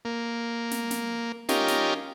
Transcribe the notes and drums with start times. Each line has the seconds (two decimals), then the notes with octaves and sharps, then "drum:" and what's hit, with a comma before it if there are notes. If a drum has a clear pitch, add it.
0.05 A#3
0.71 drum: snare
0.91 drum: snare
1.49 C#4 D#4 F4 G4 A#4, drum: snare
1.68 drum: snare